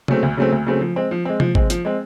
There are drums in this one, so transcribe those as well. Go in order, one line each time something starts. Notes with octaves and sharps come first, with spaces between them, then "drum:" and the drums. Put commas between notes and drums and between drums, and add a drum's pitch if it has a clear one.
C#3 F#3 A3 C4, drum: tom C3
D2
C#3 F#3 A3 C4
D2
C#3 F#3 A3 C4
F3
G#3 C4
F3
G#3 C4
F3, drum: tom C3
G#3 C4, drum: kick
F3, drum: hi-hat
G#3 C4